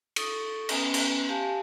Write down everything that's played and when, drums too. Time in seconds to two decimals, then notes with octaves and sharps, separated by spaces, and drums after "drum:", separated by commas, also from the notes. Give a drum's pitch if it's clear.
0.16 A4 C#6 D#6, drum: cymbal
0.69 B3 C#4 B4, drum: cymbal
0.94 drum: cymbal
1.29 G4 F5 G#5 A5